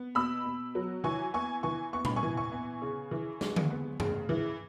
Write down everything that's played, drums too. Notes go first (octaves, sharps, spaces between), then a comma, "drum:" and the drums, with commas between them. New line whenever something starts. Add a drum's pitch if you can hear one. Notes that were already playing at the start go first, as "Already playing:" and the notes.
Already playing: B3
B2 B5 E6
B2
F#3
E3 G#5 C#6
B3 G#5 C#6
E3 G#5 C#6
B3 C#6
B5, drum: tom A#2
G#5 C#6
E3
G#5 C#6
B3
C#3
E3
G#3, drum: snare
drum: tom D3
B3
C#3, drum: tom G2
E3